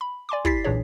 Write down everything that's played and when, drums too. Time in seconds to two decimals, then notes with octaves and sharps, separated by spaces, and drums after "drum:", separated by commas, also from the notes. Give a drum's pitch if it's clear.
0.01 B5
0.29 D5 G#5 C6 D6
0.45 E4 G4 A6 B6 C7, drum: kick
0.64 B1 A#2 E3 D4 G#4 C#5